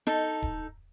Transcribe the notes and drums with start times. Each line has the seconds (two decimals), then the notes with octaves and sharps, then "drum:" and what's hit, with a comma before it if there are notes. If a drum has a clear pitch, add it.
0.07 D#4 A4
0.42 drum: kick D1